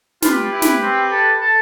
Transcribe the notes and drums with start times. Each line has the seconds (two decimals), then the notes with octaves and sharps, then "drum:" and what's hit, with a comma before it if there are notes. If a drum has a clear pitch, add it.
0.22 F4 G4 B4, drum: snare
0.53 E4
0.62 drum: snare
0.82 C4
1.11 A4
1.41 A4